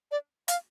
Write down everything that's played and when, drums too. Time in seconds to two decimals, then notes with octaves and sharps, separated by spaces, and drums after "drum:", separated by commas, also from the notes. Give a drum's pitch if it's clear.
0.11 D5
0.48 F5, drum: hi-hat